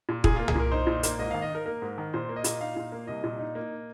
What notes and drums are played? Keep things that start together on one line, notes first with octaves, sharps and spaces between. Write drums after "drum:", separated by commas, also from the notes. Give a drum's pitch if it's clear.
A#2
A#2 G#4, drum: kick
A#3 F4
G#4, drum: tom C2
A#2 A#4
D#4 C5
A#2
A#3, drum: hi-hat
G#2 D#5
D#3 F5
D#5
D#4 A#4
A#3 A#4
G#2
D#3
A#2 C5
A#3
D#5
A#2, drum: hi-hat
D#4 F5
A#2
A#3
C2 D#5
A#2
D#4
A#3